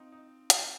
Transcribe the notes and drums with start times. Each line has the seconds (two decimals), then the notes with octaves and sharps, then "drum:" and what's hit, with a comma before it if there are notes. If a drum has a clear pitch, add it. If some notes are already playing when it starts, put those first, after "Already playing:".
Already playing: C4 D#4 F4
0.12 D#4
0.50 drum: hi-hat